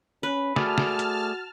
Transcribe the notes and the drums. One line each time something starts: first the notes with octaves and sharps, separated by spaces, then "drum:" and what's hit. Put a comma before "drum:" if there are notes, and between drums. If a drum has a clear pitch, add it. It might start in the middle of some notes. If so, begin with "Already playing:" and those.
C#4 B4
A3 F#4 G#4 D5 A5 F6, drum: snare
drum: snare
drum: hi-hat